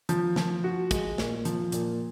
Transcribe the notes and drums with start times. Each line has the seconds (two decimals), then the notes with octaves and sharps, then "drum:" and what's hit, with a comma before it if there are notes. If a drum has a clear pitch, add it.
0.09 F3, drum: hi-hat
0.36 F3, drum: snare
0.64 F#4
0.91 G#3, drum: kick, hi-hat
1.18 A#2, drum: snare
1.45 F3, drum: hi-hat
1.72 A#2, drum: hi-hat